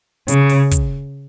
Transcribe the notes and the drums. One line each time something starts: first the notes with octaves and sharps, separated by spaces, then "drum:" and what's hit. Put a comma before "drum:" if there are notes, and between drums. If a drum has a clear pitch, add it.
C#3, drum: hi-hat
drum: open hi-hat
drum: kick, hi-hat